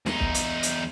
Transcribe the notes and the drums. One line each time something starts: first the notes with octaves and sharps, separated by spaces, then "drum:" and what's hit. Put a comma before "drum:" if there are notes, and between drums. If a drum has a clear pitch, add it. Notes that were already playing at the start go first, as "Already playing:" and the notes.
E2 D#4, drum: snare
drum: kick
drum: hi-hat
drum: hi-hat